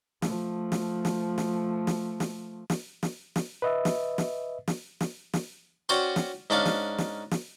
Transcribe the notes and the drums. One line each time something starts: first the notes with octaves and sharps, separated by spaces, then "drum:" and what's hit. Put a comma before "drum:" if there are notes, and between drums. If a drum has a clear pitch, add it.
F3 A3, drum: snare
drum: snare
drum: snare
drum: snare
drum: snare
drum: snare
drum: snare
drum: snare
drum: snare
B4 D#5 E5
drum: snare
drum: snare
drum: snare
drum: snare
drum: snare
C#4 F#4 C5 D5 G5 C6
drum: snare
G#2 C#4 D4 D5 F5
drum: snare
drum: snare
drum: snare